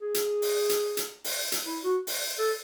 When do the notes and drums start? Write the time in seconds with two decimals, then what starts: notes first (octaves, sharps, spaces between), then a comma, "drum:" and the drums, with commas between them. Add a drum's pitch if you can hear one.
0.01 G#4
0.14 drum: hi-hat
0.42 drum: open hi-hat
0.69 drum: hi-hat
0.97 drum: hi-hat
1.24 drum: open hi-hat
1.52 drum: hi-hat
1.66 E4
1.84 F#4
2.07 drum: open hi-hat
2.39 A4